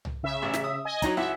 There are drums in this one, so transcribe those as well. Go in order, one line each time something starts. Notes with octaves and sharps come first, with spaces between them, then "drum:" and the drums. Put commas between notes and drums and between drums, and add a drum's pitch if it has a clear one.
drum: tom C2
C#3 E5
A1
drum: snare
D#6
D#5 G#5
F#3 D#4 A#5, drum: kick, hi-hat
C#2 E4 F#4 E5